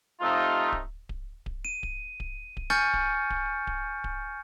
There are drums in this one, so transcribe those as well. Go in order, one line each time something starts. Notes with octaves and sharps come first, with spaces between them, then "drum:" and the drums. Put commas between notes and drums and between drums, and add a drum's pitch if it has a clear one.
C3 A3 D#4 F4
drum: kick D1
drum: kick D1
drum: kick D1
D#7
drum: kick D1
drum: kick D1
drum: kick D1
G#5 C#6 F6 G6 A6 C#7
drum: kick D1
drum: kick D1
drum: kick D1
drum: kick D1